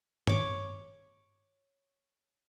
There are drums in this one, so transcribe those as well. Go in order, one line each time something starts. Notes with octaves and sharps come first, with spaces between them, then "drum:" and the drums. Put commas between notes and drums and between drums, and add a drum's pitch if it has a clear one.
C#5 D6, drum: tom G2